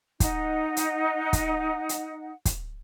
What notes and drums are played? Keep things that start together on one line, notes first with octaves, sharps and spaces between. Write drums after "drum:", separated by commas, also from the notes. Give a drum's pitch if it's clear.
D#4 F#5, drum: kick, hi-hat
drum: hi-hat
drum: kick, hi-hat
drum: hi-hat
drum: kick, hi-hat